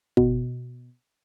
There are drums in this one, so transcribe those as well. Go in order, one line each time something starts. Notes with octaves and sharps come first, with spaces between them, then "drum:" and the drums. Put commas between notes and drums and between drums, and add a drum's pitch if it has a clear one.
B2, drum: kick